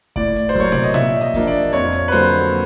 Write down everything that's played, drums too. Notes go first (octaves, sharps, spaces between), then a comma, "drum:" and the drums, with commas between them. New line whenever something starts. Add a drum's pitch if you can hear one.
A2 D5, drum: kick
drum: hi-hat
C5
F#3 A#3 C#5, drum: kick, hi-hat
D5, drum: tom
D#5
A#2 E5, drum: tom
D#5
F3 A#3 D4, drum: kick, open hi-hat
D5
F2 C#5, drum: hi-hat
drum: snare
B4
D3 F#3 A#3 C5
drum: hi-hat